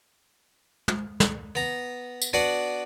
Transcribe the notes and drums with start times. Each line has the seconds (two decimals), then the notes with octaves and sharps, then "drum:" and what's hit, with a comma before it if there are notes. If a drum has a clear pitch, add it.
0.88 drum: tom
1.20 drum: snare
1.55 B3 A#5
2.22 drum: tambourine
2.33 B3 D4 F#4 B4 D5 F#5